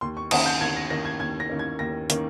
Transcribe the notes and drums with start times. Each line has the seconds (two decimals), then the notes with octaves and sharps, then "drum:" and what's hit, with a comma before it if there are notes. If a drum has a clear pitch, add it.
0.01 D#2 C6
0.17 C#6
0.31 D#3 A#3 C#4 D#6, drum: cymbal
0.46 G6
0.61 D#2 G#6
0.76 A#6
0.90 D#3 A#3 C#4 A#6
1.05 G#6
1.20 D#2 G#6
1.40 A#6
1.50 D#3 A#3 C#4
1.59 G#6
1.79 D#2 A#6
2.10 D#3 A#3 C#4, drum: hi-hat